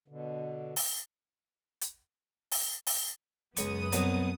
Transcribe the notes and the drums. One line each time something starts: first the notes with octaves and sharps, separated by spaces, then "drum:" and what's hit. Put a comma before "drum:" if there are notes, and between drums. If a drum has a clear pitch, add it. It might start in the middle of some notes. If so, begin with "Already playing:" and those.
B2 D3
drum: open hi-hat
drum: hi-hat
drum: open hi-hat
drum: open hi-hat
C#2 F#2 B3 C#6 D#6, drum: hi-hat
C2 B2 F#3, drum: hi-hat